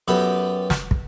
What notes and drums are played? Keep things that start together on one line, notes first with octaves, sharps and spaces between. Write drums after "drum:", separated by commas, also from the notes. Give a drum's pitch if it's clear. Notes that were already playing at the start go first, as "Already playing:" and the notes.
F#2 B3 G4 A4 B4 B5
drum: snare
drum: kick